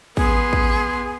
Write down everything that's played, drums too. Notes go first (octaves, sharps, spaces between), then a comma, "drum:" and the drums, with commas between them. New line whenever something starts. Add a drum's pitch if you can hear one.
B3 G#4 C6, drum: kick
drum: kick